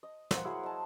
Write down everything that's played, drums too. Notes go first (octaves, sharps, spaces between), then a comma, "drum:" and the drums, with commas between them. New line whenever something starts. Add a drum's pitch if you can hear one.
D#5
A#3 C5 F#5, drum: snare
F#3 E4 G#4
D#5 A5